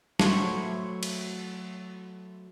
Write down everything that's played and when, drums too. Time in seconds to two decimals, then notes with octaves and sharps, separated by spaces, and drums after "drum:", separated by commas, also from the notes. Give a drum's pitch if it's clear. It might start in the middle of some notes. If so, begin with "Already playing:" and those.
0.20 F#3 A3 E4 C5 C#5, drum: snare
1.03 drum: cymbal